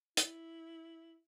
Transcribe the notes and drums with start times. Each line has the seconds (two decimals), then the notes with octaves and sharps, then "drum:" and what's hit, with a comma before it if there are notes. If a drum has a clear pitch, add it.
0.17 E4, drum: hi-hat